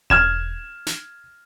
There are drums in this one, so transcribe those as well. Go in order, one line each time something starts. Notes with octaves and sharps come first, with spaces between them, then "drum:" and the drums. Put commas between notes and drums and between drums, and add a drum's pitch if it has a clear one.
F6 G#6 E7, drum: kick E1
drum: snare